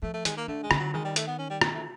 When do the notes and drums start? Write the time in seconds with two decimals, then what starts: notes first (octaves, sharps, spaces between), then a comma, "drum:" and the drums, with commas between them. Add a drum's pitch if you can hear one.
0.02 F3 A3
0.14 A3
0.25 D#3 G#3, drum: hi-hat
0.37 A#3
0.48 D3 A3
0.63 G#3
0.71 D3, drum: rim click
0.79 F#3
0.94 D#3 G#3
1.05 G3
1.16 A3, drum: hi-hat
1.28 B3
1.38 C#4
1.50 G3
1.61 drum: rim click
1.73 A3